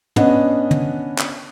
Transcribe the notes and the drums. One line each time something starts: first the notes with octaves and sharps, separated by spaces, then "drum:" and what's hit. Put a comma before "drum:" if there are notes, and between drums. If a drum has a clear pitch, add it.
B3 C#4 D4 D#5 F#5, drum: tom
drum: tom
drum: clap